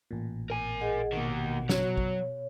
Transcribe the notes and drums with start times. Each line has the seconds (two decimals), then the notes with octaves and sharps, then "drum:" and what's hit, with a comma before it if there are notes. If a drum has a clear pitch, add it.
0.11 A1 A#2
0.50 A#4 G#5
0.81 G#4 D#5 F#5
1.13 B2 D#3 A#3 F#5
1.69 F#3 C#5, drum: snare
1.97 drum: kick